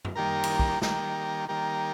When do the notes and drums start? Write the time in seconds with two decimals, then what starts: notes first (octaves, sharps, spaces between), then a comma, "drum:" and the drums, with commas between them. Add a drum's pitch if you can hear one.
0.05 drum: tom F#2
0.15 D#3 G3 A#3 G4 A#4
0.44 drum: cymbal
0.59 drum: kick
0.82 D#3 G3 A#3 G4 A#4, drum: snare
1.48 D#3 G3 A#3 G4 A#4